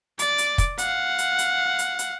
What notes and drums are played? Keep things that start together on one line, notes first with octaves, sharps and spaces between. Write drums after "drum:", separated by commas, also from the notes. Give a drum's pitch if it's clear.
D5 D6, drum: hi-hat
drum: hi-hat
drum: kick, hi-hat
F5 F#5, drum: hi-hat
drum: hi-hat
drum: hi-hat
drum: hi-hat
drum: hi-hat